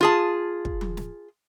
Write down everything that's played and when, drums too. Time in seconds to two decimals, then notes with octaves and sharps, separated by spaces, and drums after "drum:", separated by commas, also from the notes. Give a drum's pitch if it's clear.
0.01 F4 G#4 A5
0.65 drum: kick
0.81 drum: tom F3
0.97 drum: snare